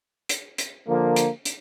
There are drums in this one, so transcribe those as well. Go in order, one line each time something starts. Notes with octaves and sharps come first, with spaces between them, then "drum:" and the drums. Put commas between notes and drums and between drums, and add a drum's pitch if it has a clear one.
drum: hi-hat
drum: hi-hat
D3 F3 A#3
drum: hi-hat
drum: hi-hat